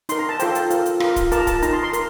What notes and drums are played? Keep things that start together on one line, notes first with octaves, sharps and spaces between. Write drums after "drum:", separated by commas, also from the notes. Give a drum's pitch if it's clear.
D#4 A#4 C6, drum: hi-hat
A#5
A5
F4 A4 C5 G5, drum: hi-hat
drum: hi-hat
F4 A#4, drum: hi-hat
drum: hi-hat
F4 A#4, drum: rim click
drum: kick C#1, hi-hat
F4 A#4 A5, drum: hi-hat
A5, drum: kick C#1, hi-hat
D#4 A#4 A#5, drum: hi-hat
C6
C6
A#4, drum: hi-hat